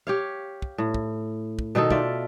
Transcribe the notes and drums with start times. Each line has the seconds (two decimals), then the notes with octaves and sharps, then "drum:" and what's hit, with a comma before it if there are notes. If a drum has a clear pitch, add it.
0.07 G4 C#5 F5
0.62 drum: kick
0.78 A2
0.94 drum: kick
1.59 drum: kick
1.75 B2 D#3 D#4 A4
1.91 F4 D5 E5, drum: kick